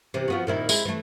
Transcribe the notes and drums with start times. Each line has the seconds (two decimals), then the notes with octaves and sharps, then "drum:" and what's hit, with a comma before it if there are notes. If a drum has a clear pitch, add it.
0.14 C3 E3
0.28 F3 B3 F#4
0.47 A#2 D#3 E4
0.69 G#3 E4, drum: tambourine
0.85 E3 A3